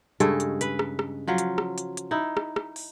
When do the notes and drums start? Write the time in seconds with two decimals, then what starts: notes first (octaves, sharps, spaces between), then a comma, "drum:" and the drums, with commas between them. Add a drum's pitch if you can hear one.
0.20 G2 C#3 G#3 A4, drum: hi-hat
0.40 drum: hi-hat
0.61 B4, drum: hi-hat
0.79 drum: rim click
0.99 drum: rim click
1.28 F3 F#3 F5
1.38 drum: hi-hat
1.58 drum: rim click
1.78 drum: hi-hat
1.97 drum: hi-hat
2.11 D#4 E4
2.37 drum: rim click
2.56 drum: rim click
2.76 drum: open hi-hat